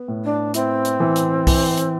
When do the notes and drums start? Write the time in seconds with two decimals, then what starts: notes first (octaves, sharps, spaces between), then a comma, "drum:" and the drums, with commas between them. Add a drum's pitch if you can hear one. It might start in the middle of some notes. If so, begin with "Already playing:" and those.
Already playing: B3
0.08 A2
0.24 D4
0.54 C4 E4, drum: hi-hat
0.85 drum: hi-hat
1.00 E3
1.16 drum: hi-hat
1.47 E3, drum: kick B1, open hi-hat
1.78 drum: hi-hat